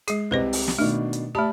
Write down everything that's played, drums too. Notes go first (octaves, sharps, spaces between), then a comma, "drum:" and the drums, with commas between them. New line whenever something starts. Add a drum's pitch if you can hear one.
G#3 G#4 C7, drum: hi-hat
C2 C3 B4 C5 D#5
drum: open hi-hat
drum: snare
B2 D#3 A3 D4
drum: hi-hat
A3 G4 D5 A5 B5